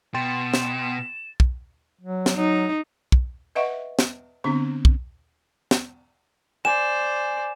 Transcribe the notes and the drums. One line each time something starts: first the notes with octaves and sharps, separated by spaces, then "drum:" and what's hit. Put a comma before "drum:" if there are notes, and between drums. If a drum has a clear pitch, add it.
B2 G5 C6 A6 E7
drum: snare
drum: kick
F#3
drum: snare
F#3 D#4
drum: kick
B4 D#5 E5 F#5 C#6
drum: snare
D3 B3 C4 D4 A#5
drum: kick
drum: snare
C5 D5 G#5 E7